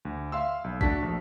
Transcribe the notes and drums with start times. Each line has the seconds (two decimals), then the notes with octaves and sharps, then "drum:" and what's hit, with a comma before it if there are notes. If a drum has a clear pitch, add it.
0.05 D2
0.32 E5 F5 C6 E6
0.64 B1
0.81 A3 D4 F#4 A5 B6, drum: kick A1
1.02 A#1